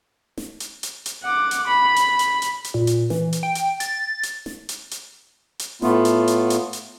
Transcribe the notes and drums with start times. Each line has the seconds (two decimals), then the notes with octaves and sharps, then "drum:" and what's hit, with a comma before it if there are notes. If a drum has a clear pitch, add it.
0.38 drum: snare
0.60 drum: hi-hat
0.83 drum: hi-hat
1.06 drum: hi-hat
1.24 F#5 D6
1.51 drum: hi-hat
1.67 B5
1.96 drum: hi-hat
2.19 drum: hi-hat
2.42 drum: hi-hat
2.64 drum: hi-hat
2.74 A#2
2.87 drum: hi-hat
3.10 E3, drum: snare
3.33 drum: hi-hat
3.43 G5
3.55 drum: hi-hat
3.80 A6, drum: hi-hat
4.23 drum: hi-hat
4.46 drum: snare
4.69 drum: hi-hat
4.91 drum: hi-hat
5.59 drum: hi-hat
5.82 A2 A3 B3 F4, drum: snare
6.05 drum: hi-hat
6.28 drum: hi-hat
6.50 drum: hi-hat
6.73 drum: hi-hat